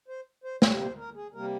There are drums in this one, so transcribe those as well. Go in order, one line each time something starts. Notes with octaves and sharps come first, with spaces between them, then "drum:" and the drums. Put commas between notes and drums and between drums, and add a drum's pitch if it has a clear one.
C5
C5
C3 G3 A#3 C#5, drum: snare
C5
A#4
G#4
C3 G3 A#3 A#4